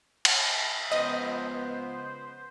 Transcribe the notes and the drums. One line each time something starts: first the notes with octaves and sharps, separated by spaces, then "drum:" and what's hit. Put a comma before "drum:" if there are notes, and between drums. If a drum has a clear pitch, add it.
drum: cymbal
C#2 F3 B3 B4 C5 D#5